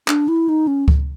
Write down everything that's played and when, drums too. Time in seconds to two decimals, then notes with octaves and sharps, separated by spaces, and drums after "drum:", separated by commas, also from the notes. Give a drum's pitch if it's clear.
0.08 D4, drum: clap
0.28 E4
0.49 D#4
0.67 C#4
0.88 drum: kick C#2